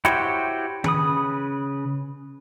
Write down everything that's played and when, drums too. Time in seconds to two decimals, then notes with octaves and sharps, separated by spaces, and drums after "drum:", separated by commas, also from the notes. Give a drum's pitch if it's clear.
0.05 E4 F#4 G4 C5 C#5, drum: snare
0.84 C#3 B4 D#6, drum: tom D#3